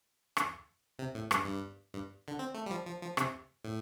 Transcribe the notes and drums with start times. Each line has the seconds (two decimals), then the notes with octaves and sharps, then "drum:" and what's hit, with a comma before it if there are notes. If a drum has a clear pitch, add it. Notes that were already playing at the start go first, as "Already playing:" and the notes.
0.37 drum: rim click
0.99 C3
1.15 A2
1.31 G2, drum: rim click
1.45 G2
1.93 G2
2.28 D3
2.39 C4
2.54 A3
2.66 G3
2.71 F3
2.86 F3
3.02 F3
3.17 C3, drum: rim click
3.64 A2